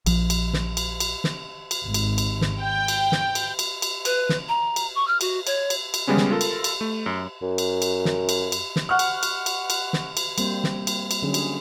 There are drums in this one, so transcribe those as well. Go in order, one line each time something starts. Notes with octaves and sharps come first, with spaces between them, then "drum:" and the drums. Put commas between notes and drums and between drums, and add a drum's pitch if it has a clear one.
A#1 F3, drum: cymbal
drum: cymbal
drum: snare
drum: cymbal
drum: cymbal
drum: snare
drum: cymbal
G#1
drum: cymbal
drum: cymbal
drum: snare
G5
drum: cymbal
drum: snare
drum: cymbal
drum: cymbal
drum: cymbal
B4, drum: cymbal
drum: snare
A#5
drum: cymbal
C#6
F6
F#4, drum: cymbal
C#5, drum: cymbal
drum: cymbal
drum: cymbal
C#3 G3 G#3 B3 C#4
drum: snare
F4 A4 A#4
drum: cymbal
drum: cymbal
A3
F#2
F#2
drum: cymbal
drum: cymbal
drum: snare
drum: cymbal
drum: cymbal
drum: snare
F#5 C#6 F6
drum: cymbal
drum: cymbal
drum: cymbal
drum: cymbal
drum: snare
drum: cymbal
G3 A#3 C4 C5, drum: cymbal
drum: snare
drum: cymbal
drum: cymbal
D3 F#3 C#4 G#4
drum: cymbal